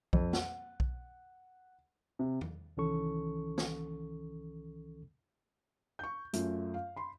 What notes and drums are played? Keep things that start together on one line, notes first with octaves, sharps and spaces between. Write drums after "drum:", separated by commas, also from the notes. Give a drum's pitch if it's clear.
F2, drum: kick B1
F#5, drum: snare
drum: kick B1
C3
drum: tom E2
C2 D#3 E3 C#4 A4 C#6
drum: snare
C#6 G6
F#2 A3 F4, drum: hi-hat
F5
B5 C6